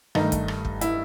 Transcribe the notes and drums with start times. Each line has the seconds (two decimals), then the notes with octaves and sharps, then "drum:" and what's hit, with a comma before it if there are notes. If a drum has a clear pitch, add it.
0.15 G2 D#3 A3 D#4, drum: rim click
0.32 drum: kick, hi-hat
0.48 drum: rim click
0.65 drum: kick
0.81 E4, drum: hi-hat